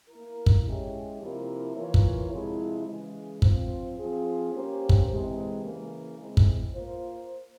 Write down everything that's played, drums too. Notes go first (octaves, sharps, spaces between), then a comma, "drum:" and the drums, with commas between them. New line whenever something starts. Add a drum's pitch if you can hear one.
A#3 E4 A#4
drum: kick
G#3 C#4 E4 G4 C#5
C3 F3 A#3 E4 A#4
E3 A#3 F4 A#4 C#5
drum: kick
C3 F3 G#3 E4
C#3 E3 G#3
F3 C4 F4 C5, drum: kick
F3 C4 F4 G#4
A#3 C#4 G4 C5
drum: kick
C3 E3 G#3 C4 G4
C#3 E3 A#3
G#3 C4 E4
drum: kick
A#3 F4 C5